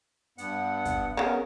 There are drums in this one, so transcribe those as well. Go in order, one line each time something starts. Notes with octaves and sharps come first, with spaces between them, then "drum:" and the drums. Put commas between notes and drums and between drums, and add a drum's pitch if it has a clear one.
G2 B3 F#5, drum: hi-hat
drum: kick, hi-hat
C#3 B3 A#4